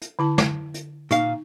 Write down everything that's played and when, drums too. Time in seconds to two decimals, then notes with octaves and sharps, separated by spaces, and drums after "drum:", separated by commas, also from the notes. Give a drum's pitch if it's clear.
0.02 drum: hi-hat
0.19 D3 E4 A5
0.38 drum: snare
0.74 drum: hi-hat
1.11 A#2 D#4 F5, drum: hi-hat